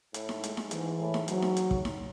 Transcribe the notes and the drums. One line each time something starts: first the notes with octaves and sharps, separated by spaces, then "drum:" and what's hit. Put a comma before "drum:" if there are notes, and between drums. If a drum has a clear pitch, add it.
A2, drum: hi-hat
drum: snare D#4
G#3, drum: hi-hat
drum: snare D#4
G#2 E3, drum: hi-hat
A2
drum: snare D#4
G#2 F#3, drum: hi-hat
drum: snare D#4
drum: hi-hat
drum: kick
drum: snare D#4